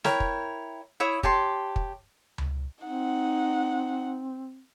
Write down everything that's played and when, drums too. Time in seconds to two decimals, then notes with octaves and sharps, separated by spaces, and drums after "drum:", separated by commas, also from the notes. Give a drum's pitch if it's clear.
0.04 E4 A#4 C#5 G5, drum: snare
0.20 drum: kick
1.00 E4 C#5 E5 D#6
1.23 G4 C#5 A5 C6, drum: kick
1.76 drum: kick
2.38 drum: tom C#2
2.84 C4 D#4 F#5